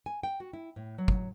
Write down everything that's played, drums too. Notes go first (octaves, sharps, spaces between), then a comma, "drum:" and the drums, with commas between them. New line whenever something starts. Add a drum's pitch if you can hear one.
G#5
G5
F#4
E4
A2
F#3
drum: kick